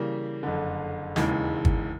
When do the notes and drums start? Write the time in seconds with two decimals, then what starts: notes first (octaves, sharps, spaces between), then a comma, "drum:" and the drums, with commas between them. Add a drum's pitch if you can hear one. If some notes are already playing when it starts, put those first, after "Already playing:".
Already playing: C#3 E3 G3 A#3
0.43 F#1 F2 D3
1.16 E1 D#2 C#3 E3 G#3, drum: snare
1.65 drum: kick